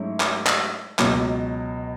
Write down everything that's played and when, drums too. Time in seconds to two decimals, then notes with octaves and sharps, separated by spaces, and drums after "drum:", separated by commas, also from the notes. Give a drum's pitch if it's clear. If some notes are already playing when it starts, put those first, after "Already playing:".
Already playing: G#2 F#3 A3 C#4 E4
0.20 drum: clap
0.46 drum: clap
0.99 C#2 B2 F#3, drum: clap